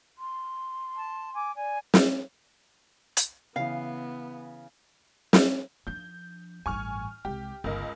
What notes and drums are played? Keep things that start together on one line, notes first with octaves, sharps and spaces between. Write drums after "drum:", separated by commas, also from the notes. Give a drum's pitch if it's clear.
C6
A5
G#5 D6
D5 G#5
drum: snare
drum: hi-hat
C#3 E3 B3 F5
drum: snare
F3 D4 G6
A1 G2 G#5 C#6 F6
C2 G#3 G4
G1 C#2 A#4 D#5